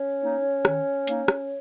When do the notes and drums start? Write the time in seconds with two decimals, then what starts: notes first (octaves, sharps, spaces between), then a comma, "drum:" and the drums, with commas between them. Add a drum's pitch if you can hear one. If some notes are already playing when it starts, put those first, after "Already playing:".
Already playing: C#4 C#5
0.21 A#3 D#4
0.65 D#3, drum: rim click
1.07 A#3 D#4, drum: hi-hat
1.28 drum: rim click